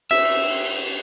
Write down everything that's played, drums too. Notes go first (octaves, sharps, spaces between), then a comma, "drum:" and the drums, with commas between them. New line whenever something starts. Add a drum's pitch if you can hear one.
E5, drum: cymbal